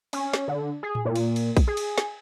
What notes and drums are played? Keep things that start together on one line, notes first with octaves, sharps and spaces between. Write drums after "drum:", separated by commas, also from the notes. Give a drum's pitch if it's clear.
C#4, drum: cymbal
drum: snare
D3
G#4
drum: tom A2
A#2
drum: cymbal
drum: cymbal
drum: kick A#1, cymbal
G#4
drum: cymbal
drum: snare